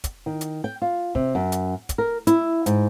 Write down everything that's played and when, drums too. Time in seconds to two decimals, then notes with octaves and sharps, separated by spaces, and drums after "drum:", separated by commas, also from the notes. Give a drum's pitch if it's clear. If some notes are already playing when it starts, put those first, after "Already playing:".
0.04 drum: kick, hi-hat
0.26 D#3
0.41 drum: hi-hat
0.64 G5
0.82 F4
1.15 C3, drum: kick
1.35 F#2
1.52 drum: hi-hat
1.89 drum: kick, hi-hat
1.98 A#4
2.27 E4, drum: hi-hat
2.66 G#2, drum: hi-hat